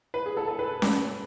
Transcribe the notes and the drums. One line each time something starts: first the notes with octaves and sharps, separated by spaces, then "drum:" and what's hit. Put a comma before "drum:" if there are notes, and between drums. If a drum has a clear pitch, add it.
B4
G#4
A4
A4
B4
drum: snare C#4